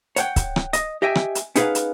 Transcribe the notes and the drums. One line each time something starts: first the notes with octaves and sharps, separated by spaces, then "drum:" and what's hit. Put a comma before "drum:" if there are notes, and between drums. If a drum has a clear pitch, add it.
C#5 F#5 G5, drum: hi-hat
drum: kick C#1, hi-hat
drum: rim click
D#5, drum: hi-hat
G4 D#5 E5 G5 G#5
drum: rim click
drum: hi-hat
C#4 D#4 G#4 B4 F5 F#5, drum: hi-hat
drum: hi-hat